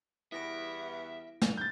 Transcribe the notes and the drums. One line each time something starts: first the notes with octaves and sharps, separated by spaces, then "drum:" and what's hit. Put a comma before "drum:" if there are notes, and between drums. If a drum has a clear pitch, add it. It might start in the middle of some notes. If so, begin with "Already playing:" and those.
E2 G3 B3 E4 E5 A#6 D7
drum: snare
G6 A6